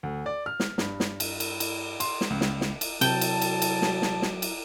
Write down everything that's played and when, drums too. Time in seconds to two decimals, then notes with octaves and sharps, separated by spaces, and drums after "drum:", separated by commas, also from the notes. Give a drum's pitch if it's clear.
0.03 D2
0.26 D5
0.46 F6
0.60 drum: snare
0.78 G2, drum: snare
1.00 drum: snare
1.20 drum: cymbal
1.40 drum: cymbal
1.60 drum: cymbal
2.00 C6, drum: cymbal
2.21 drum: snare
2.30 C#2
2.41 drum: snare
2.61 drum: snare
2.81 drum: cymbal
3.01 D2 C3 F#3 G5 A5, drum: cymbal
3.21 drum: cymbal
3.42 drum: cymbal
3.62 drum: cymbal
3.82 drum: snare
4.02 drum: snare
4.22 drum: snare
4.42 drum: cymbal